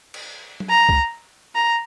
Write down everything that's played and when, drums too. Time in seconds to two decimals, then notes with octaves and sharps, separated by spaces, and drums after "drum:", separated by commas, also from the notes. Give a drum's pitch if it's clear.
0.14 drum: cymbal
0.60 drum: tom F#3
0.70 A#5
0.89 drum: kick
1.55 A#5